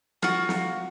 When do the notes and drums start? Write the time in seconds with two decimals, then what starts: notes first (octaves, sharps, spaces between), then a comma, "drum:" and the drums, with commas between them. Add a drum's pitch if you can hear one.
0.22 F4 F#4, drum: snare
0.49 drum: snare